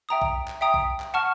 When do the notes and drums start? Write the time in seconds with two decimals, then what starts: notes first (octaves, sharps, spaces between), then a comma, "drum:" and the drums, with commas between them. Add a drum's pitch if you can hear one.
0.09 E5 G5 A#5 D#6
0.22 drum: kick A#1
0.48 drum: clap
0.61 E5 G5 A#5 D#6
0.74 drum: kick A#1
1.00 drum: clap
1.14 F#5 A5 C#6 F6